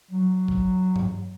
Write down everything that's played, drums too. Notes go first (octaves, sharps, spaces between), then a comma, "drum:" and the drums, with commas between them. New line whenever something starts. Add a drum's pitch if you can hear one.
F#3
drum: kick G#1
drum: tom G2